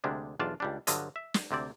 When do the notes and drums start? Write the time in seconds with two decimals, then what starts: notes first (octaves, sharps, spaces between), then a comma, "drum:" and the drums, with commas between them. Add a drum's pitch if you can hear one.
0.04 D2 C3 G3 G#3 D4
0.39 B1 E2 D4 F4 D5 A5
0.60 C#2 G3 D4
0.87 G2 D3 F#3 F4 D#5, drum: hi-hat
1.16 E5
1.34 drum: snare
1.51 D2 C3 C4 D5